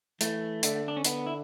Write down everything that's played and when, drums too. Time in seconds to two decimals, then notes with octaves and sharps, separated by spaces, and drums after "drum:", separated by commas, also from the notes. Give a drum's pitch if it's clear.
0.21 E3 A3, drum: hi-hat
0.63 D3, drum: hi-hat
0.88 D4
0.97 C#4
1.04 D3 B3, drum: hi-hat
1.26 E4